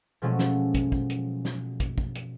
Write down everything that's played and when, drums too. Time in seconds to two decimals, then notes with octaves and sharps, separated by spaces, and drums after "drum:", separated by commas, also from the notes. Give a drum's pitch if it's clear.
0.22 B2 F3 F#3 G#3 A3 C#4
0.39 drum: snare
0.74 drum: kick, hi-hat
0.92 drum: kick
1.10 drum: hi-hat
1.45 drum: snare
1.80 drum: kick, hi-hat
1.98 drum: kick
2.15 drum: hi-hat